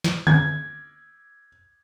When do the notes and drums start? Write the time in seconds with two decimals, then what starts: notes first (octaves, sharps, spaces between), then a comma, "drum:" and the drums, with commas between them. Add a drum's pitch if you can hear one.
0.04 drum: snare
0.27 G#6, drum: tom D3